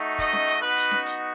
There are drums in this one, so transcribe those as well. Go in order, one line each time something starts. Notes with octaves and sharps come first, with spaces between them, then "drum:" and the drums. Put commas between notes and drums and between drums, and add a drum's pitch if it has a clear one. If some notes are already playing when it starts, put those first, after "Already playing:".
Already playing: A3 D#4 F#4
D#5, drum: kick, hi-hat
drum: snare C#4
drum: hi-hat
B3 D#4 F#4 B4
drum: hi-hat
drum: snare C#4
drum: hi-hat